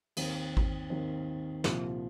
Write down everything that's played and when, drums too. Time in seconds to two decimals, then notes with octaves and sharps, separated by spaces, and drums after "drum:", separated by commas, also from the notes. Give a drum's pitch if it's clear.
0.17 D#2 D#3 C4, drum: cymbal
0.57 drum: kick G#1
0.90 D#2 D#3 C4
1.64 C2 A#2 F3, drum: snare